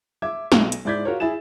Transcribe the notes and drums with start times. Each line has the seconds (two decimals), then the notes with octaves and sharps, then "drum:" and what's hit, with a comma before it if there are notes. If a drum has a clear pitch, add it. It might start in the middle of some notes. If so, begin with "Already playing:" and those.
0.22 E5 D6 G#6
0.52 B1, drum: snare
0.72 drum: hi-hat
0.85 G#2 E4 D5 G6 G#6 B6
1.05 F4 F#4 A#4 C#5
1.20 E4 G#4 A6 E7